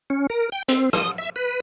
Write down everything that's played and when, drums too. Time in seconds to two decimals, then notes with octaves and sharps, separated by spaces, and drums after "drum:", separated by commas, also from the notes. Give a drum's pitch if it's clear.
0.10 C#4
0.30 A#4
0.52 G5
0.68 C4, drum: hi-hat
0.93 D#6, drum: rim click
1.18 E5
1.36 B4